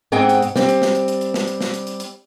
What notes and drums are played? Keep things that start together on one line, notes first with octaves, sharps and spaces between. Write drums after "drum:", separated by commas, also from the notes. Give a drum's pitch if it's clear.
G#2 C4 G#4 F#5 G5
drum: hi-hat
drum: hi-hat
G3 C4, drum: snare
drum: hi-hat
drum: snare
drum: hi-hat
drum: hi-hat
drum: hi-hat
drum: snare
drum: hi-hat
drum: snare
drum: hi-hat
drum: hi-hat
drum: hi-hat